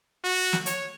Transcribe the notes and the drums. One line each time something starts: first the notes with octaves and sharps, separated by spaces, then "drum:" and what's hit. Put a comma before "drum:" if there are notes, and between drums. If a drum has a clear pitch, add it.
F#4
drum: snare
C#5, drum: hi-hat